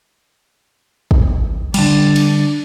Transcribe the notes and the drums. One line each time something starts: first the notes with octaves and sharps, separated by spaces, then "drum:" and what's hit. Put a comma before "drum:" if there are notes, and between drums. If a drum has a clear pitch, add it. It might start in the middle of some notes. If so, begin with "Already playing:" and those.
drum: kick
D3 G3 D4, drum: cymbal
drum: cymbal